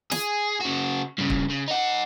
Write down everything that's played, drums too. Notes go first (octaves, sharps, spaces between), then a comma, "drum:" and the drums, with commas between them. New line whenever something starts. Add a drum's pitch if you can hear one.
G#4, drum: snare
C#3 F#4
G2 C#3
drum: kick
C#3
D#4 F#5